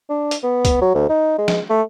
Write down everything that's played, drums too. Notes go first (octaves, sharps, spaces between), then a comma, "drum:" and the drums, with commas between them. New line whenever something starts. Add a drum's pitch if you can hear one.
D4
drum: hi-hat
B3
drum: kick, hi-hat
F#3
D2
D#4
G#3
drum: snare
A3